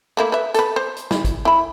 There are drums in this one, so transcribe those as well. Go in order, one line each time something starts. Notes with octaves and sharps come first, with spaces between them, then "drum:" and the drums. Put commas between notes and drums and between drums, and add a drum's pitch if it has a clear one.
A3 A#3 E4
B4 E5
A4 B4, drum: hi-hat
C5
drum: hi-hat
E4, drum: snare
drum: kick, hi-hat
E4 B5